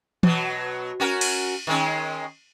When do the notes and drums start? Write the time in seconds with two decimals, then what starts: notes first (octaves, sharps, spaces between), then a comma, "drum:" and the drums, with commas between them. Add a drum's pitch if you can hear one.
0.23 B2 F#3, drum: tom E3
1.00 C#4 F#4 A#4
1.21 drum: cymbal
1.67 D#3 G#3 C#4